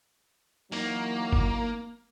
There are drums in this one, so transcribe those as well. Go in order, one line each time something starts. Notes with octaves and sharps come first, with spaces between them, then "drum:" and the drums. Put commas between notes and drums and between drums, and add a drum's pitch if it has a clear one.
E3 F#3 A#3 D#4, drum: open hi-hat
drum: kick F#1